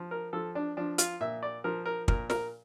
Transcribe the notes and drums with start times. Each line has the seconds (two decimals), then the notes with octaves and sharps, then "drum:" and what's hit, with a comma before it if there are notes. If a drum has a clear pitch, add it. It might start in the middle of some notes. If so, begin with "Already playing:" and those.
Already playing: F3
0.11 A#4
0.33 F3 A4
0.55 D4
0.77 F3 D4
0.98 F4, drum: hi-hat
1.21 A#2 E5
1.43 D5
1.64 F3 A#4
1.86 A#4
2.08 A#2 A#4, drum: kick
2.30 A#4, drum: snare